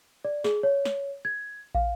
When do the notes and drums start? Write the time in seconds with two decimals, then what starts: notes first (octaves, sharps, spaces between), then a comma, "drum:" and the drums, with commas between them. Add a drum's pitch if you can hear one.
0.25 D5
0.44 G#4, drum: snare
0.63 C#5
0.85 drum: snare
1.25 G#6
1.75 F5, drum: kick